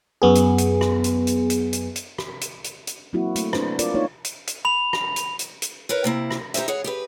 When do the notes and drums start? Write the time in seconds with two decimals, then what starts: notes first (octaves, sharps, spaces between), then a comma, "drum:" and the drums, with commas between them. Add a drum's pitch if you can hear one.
0.22 F#2 B3 G#4
0.35 drum: hi-hat
0.58 drum: hi-hat
0.81 drum: rim click
1.04 drum: hi-hat
1.27 drum: hi-hat
1.50 drum: hi-hat
1.73 drum: hi-hat
1.96 drum: hi-hat
2.18 drum: rim click
2.41 drum: hi-hat
2.64 drum: hi-hat
2.87 drum: hi-hat
3.13 F#3 A#3 C4 E4 F#4
3.36 A3, drum: hi-hat
3.53 C4 D4 B4 C5, drum: rim click
3.79 F4 A#4 D5, drum: hi-hat
3.94 A#3 D#4 F4 C#5
4.25 drum: hi-hat
4.47 drum: hi-hat
4.65 B5 F7
4.93 drum: rim click
5.16 drum: hi-hat
5.39 drum: hi-hat
5.62 drum: hi-hat
5.89 E4 A#4 B4 C#5
6.04 C3 A#3 E4
6.31 drum: rim click
6.54 D#4 G4 G#4 C5 E5, drum: hi-hat
6.68 G#4 C#5 F#5
6.84 G4 G#4 B4